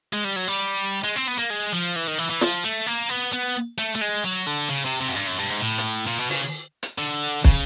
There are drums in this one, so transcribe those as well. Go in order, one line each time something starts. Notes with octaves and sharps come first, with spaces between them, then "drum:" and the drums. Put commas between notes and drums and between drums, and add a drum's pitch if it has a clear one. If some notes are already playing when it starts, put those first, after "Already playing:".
G#3
G3
F#3
G3
G#3
C4
B3
A#3
G#3
F3
E3
D#3
E3
E3
F3, drum: snare
A3
A#3
B3
B3
A3
A3
G#3
F#3
D3
C#3
C3
C3
F#2
G2
F#2
G2
G#2
A2
drum: hi-hat
A#2
B2
C#3, drum: open hi-hat
drum: hi-hat
D3
C#3, drum: kick